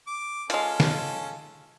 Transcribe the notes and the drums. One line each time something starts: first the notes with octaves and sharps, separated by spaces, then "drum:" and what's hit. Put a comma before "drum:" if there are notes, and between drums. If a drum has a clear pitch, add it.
D6
G#3 C#4 F4 A4, drum: hi-hat
drum: snare